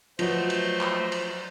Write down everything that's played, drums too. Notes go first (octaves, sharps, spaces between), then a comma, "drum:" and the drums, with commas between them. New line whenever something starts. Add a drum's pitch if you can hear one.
F3 F#3 A3 B4 C5 D#5 C6, drum: cymbal
drum: cymbal
drum: clap
drum: cymbal